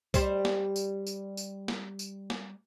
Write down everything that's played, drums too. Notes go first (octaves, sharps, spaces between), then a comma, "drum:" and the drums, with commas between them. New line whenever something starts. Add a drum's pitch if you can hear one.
G3 C5, drum: kick C2, tambourine
drum: snare
drum: tambourine
drum: tambourine
drum: tambourine
drum: snare
drum: tambourine
drum: snare